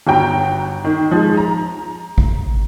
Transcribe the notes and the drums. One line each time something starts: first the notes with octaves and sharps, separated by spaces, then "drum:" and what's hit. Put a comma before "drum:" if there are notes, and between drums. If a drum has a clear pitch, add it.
G1 F#4 G5 A#5
D#3
F3 G#3
A#5
drum: kick G#1